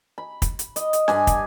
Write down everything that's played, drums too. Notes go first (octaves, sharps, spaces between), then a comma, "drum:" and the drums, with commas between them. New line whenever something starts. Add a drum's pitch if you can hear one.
B5
drum: kick, hi-hat
drum: hi-hat
D#5, drum: hi-hat
drum: hi-hat
G2 G#5, drum: snare
drum: kick, hi-hat